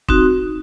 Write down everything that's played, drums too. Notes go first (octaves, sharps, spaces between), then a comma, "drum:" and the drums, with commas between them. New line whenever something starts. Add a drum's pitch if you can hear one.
C4 D#4 F#4, drum: kick